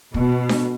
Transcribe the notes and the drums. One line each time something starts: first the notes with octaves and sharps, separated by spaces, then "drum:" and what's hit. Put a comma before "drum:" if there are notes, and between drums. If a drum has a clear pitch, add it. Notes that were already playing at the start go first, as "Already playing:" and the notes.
B2, drum: kick
drum: snare D4